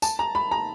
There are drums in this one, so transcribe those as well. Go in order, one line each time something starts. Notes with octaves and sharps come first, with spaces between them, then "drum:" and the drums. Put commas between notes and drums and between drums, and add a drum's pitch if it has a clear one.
A5, drum: tambourine
A#5
B5
A#5